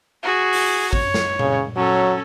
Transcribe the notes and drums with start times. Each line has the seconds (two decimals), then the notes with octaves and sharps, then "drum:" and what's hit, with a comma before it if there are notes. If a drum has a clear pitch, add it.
0.23 F#4 G#4
0.53 drum: open hi-hat
0.93 C#5, drum: kick
1.14 drum: snare
1.39 C#3, drum: tom A#2
1.76 F#3 C#4 A4